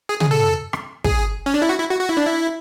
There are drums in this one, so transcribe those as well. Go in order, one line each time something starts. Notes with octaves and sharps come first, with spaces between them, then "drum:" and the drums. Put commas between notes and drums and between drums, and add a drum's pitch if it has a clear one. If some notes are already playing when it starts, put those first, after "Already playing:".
G#4
G#4, drum: tom
A4
drum: rim click
G#4, drum: kick
C#4
D4
E4
F#4
E4
F#4
F#4
E4
D4
E4